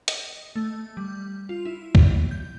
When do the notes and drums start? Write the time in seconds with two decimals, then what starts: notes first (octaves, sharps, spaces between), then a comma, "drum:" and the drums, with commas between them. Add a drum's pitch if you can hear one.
0.08 D#5, drum: hi-hat
0.56 A3
0.97 G3
1.49 F4
1.65 E4
1.95 drum: kick
2.31 G6